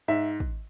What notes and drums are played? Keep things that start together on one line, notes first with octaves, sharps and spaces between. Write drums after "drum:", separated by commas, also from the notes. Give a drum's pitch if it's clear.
G#2 E5
drum: kick